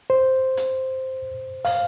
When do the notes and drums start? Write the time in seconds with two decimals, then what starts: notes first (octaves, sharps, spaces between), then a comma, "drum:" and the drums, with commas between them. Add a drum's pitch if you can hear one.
0.10 C5
0.57 drum: hi-hat
1.65 F5, drum: open hi-hat